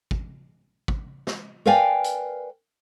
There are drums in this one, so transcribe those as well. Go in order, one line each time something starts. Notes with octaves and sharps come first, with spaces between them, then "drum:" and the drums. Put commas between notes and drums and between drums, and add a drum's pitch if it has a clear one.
drum: kick
drum: kick
drum: snare
A#4 B4 D5 F5 G5 G#5
drum: hi-hat